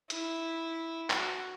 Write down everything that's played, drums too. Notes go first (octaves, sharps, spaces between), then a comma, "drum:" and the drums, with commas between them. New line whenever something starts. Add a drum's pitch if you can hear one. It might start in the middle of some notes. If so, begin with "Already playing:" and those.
E4, drum: hi-hat
F#4, drum: clap